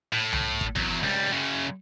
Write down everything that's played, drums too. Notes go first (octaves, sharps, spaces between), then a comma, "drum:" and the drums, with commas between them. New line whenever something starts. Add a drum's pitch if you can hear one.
A2
drum: tom C2
drum: kick
E2 F#3, drum: kick
C#2 G3
F#2 C#3